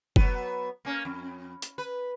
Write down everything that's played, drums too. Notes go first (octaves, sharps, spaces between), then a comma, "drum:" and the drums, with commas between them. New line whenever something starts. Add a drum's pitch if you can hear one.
F#3 B3, drum: kick
A#3 C#4
F2
drum: hi-hat
B4